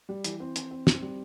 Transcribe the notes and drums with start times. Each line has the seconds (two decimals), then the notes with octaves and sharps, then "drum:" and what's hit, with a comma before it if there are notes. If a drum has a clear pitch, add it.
0.09 G3
0.24 E3, drum: hi-hat
0.40 C4
0.56 E3, drum: hi-hat
0.71 C4
0.87 C4, drum: snare
1.02 G3